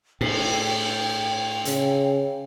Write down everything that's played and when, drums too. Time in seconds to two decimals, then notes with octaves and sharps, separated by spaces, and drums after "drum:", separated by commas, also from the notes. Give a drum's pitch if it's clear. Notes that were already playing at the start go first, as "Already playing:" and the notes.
0.21 A2 G5, drum: cymbal
1.65 C#3, drum: hi-hat